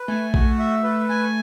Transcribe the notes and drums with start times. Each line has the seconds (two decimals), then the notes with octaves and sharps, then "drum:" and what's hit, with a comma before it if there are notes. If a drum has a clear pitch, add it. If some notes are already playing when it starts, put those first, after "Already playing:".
Already playing: B4
0.08 A3 G#5
0.34 F#4, drum: kick A#1
0.59 E5
0.83 B4
1.09 A3 G#5